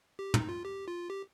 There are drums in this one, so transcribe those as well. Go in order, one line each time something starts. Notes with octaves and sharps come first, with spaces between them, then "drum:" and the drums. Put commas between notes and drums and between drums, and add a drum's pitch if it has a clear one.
G4
D#4, drum: tom
F4
G4
F4
G4